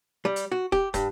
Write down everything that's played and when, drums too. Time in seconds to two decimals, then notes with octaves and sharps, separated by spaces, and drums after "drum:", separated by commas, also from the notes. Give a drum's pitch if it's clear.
0.25 G3
0.36 drum: hi-hat
0.52 F#4
0.72 G4, drum: kick
0.94 G2, drum: kick, hi-hat